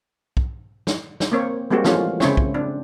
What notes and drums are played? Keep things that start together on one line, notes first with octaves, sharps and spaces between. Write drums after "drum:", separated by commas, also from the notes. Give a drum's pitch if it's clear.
drum: kick
drum: snare
drum: snare
A#3 C4 C#5
G3 G#3 A#3 C4 F#4 G4
E3 F3 G#3 A3 C#4 F4, drum: snare
C#3 G#3 C4 C#4 E4 C#5, drum: snare
drum: kick
C4 D4